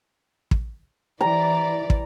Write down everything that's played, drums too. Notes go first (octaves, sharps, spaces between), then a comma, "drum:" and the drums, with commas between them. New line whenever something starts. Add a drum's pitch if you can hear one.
drum: kick
E3 D5 A#5
drum: kick